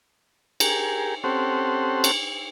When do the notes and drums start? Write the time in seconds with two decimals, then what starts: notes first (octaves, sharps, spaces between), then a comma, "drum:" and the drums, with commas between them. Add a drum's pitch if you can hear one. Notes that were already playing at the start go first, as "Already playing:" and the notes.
0.60 G4 G#4 A#4, drum: cymbal
1.24 C4 C#4 G4 A4 C5 F#5
2.04 drum: cymbal